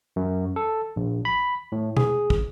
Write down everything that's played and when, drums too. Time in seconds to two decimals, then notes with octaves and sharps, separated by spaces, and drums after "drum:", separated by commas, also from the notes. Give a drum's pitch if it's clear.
0.16 F#2
0.56 A4
0.96 A#1
1.25 B5
1.72 A2
1.97 G#4, drum: tom B2
2.30 drum: kick